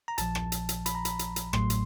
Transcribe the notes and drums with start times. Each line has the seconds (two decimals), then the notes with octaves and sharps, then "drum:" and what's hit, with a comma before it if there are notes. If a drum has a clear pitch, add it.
0.08 A#5
0.18 A#1 A#2 F3 A5, drum: hi-hat
0.35 drum: rim click
0.52 drum: hi-hat
0.69 drum: hi-hat
0.86 B5, drum: hi-hat
0.95 A#5
1.05 B5, drum: hi-hat
1.19 drum: hi-hat
1.36 drum: hi-hat
1.53 A1 A2 F#3 A3 C6, drum: rim click
1.70 drum: hi-hat